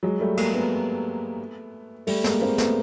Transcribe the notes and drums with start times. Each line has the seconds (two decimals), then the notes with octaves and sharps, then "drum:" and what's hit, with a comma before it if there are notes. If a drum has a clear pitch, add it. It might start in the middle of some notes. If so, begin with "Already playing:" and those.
0.03 F#3 G#3
0.20 G3 A3
0.37 G#3 A#3, drum: cymbal
0.54 A3 B3
2.07 G3 A3, drum: open hi-hat
2.24 G#3 A#3, drum: snare
2.41 A#3 C4
2.58 A3 B3, drum: snare